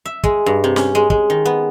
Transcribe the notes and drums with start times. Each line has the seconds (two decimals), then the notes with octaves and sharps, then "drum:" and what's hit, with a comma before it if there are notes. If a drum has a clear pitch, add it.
0.06 E5
0.24 G#3, drum: kick
0.46 G2
0.64 C3
0.76 C#4, drum: snare
0.95 G#3
1.10 G#3, drum: kick
1.30 D#3
1.45 B3